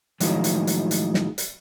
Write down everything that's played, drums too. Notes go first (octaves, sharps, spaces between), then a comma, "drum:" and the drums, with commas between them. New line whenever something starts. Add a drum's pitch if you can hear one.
A2 D#3 F3 F#3 G#3, drum: hi-hat
drum: hi-hat
drum: hi-hat
drum: hi-hat
drum: snare
drum: hi-hat